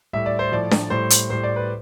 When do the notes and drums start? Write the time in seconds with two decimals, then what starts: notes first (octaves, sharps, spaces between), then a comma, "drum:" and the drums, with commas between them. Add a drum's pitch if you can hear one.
0.13 A2 G3 E5
0.26 D5
0.39 C5
0.52 A2 F3 D5
0.71 drum: snare D4
0.90 A2 G3 C5
1.10 drum: hi-hat
1.30 A2 G3 C5
1.44 D5
1.56 B4